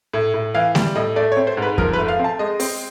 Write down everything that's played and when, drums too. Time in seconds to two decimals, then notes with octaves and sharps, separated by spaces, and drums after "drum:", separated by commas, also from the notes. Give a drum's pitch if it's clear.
0.13 A2
0.34 A2
0.54 E3 F5
0.75 G3, drum: snare A3
0.95 A2 D#5
1.16 A3 D5
1.32 C#5
1.37 C4
1.47 C5
1.57 G#2
1.62 B4
1.78 F3 A#4, drum: kick F#2
1.93 B4
1.98 A3
2.08 F5
2.19 C4 A5
2.39 G#3 D#5
2.60 C4, drum: open hi-hat